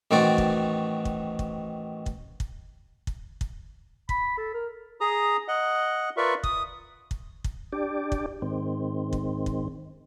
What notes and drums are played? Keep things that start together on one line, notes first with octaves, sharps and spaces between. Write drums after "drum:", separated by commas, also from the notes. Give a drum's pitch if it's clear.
A1 D#3 C4 F#4 D5
drum: kick
drum: kick
drum: kick
drum: kick
drum: kick
drum: kick
drum: kick
B5, drum: kick
A4
A#4
G#4 A#5 D#6
D#5 F#5
F4 A#4 B4 D5 E5 C#6
D#6, drum: kick
drum: kick
drum: kick
D4 G4 D5
drum: kick
G#2 D#3 C4
drum: kick
drum: kick